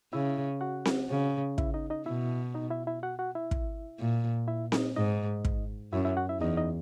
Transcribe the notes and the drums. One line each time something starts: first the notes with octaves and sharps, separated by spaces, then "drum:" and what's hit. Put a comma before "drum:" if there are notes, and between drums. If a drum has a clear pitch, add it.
C#3 E4 E5
F#4 F#5
drum: snare C4
C#3
E4 E5, drum: kick
D#4 D#5
D#4 D#5
B2 E4 E5
D#4 D#5
E4 E5
E4 E5
F#4 F#5
F#4 F#5
E4 E5
drum: kick
A#2
E4 E5
D#4 D#5, drum: snare C4
G#2 D#4 D#5
drum: kick
F#2 E4 E5
E4 E5
F#4 F#5
E4 E5
E2 D#4 D#5
D#4 D#5